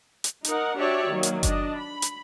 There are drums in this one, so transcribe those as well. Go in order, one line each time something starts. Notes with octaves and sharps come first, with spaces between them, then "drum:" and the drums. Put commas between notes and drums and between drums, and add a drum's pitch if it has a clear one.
drum: hi-hat
D#4 A#4 F#5, drum: hi-hat
D4 F#4 G4 C#5 D5 E5
D#3 F#3 A#3
drum: hi-hat
D4 D#5, drum: kick F#1, hi-hat
B5
drum: hi-hat